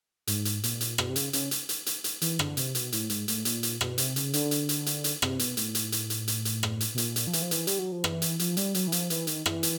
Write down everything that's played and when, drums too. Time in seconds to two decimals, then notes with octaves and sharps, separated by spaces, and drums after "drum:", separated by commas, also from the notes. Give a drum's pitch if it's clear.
0.27 G#2, drum: hi-hat
0.45 drum: hi-hat
0.64 A#2, drum: hi-hat
0.81 drum: hi-hat
0.98 B2, drum: rim click
1.09 C3
1.16 C#3, drum: hi-hat
1.33 C#3, drum: hi-hat
1.51 drum: hi-hat
1.69 drum: hi-hat
1.86 drum: hi-hat
2.04 drum: hi-hat
2.22 E3, drum: hi-hat
2.39 D3, drum: rim click
2.57 C3, drum: hi-hat
2.75 B2, drum: hi-hat
2.92 A2, drum: hi-hat
3.10 G#2, drum: hi-hat
3.28 A2, drum: hi-hat
3.45 A#2, drum: hi-hat
3.63 drum: hi-hat
3.81 B2, drum: rim click
3.98 C3, drum: hi-hat
4.16 C#3, drum: hi-hat
4.33 D3, drum: hi-hat
4.51 drum: hi-hat
4.69 drum: hi-hat
4.86 drum: hi-hat
5.04 drum: hi-hat
5.22 C3, drum: rim click
5.39 B2, drum: hi-hat
5.57 A2, drum: hi-hat
5.75 drum: hi-hat
5.92 drum: hi-hat
6.10 drum: hi-hat
6.28 drum: hi-hat
6.45 drum: hi-hat
6.63 drum: rim click
6.81 drum: hi-hat
6.94 B2
6.98 A#2, drum: hi-hat
7.16 drum: hi-hat
7.27 F3
7.33 E3, drum: hi-hat
7.42 F3
7.51 E3, drum: hi-hat
7.67 G3, drum: hi-hat
7.79 F#3
7.92 F3
8.04 E3, drum: rim click
8.22 drum: hi-hat
8.39 F3, drum: hi-hat
8.57 G3, drum: hi-hat
8.75 F#3, drum: hi-hat
8.87 E3
8.92 F3, drum: hi-hat
9.10 E3, drum: hi-hat
9.27 D#3, drum: hi-hat
9.46 E3, drum: rim click
9.63 drum: hi-hat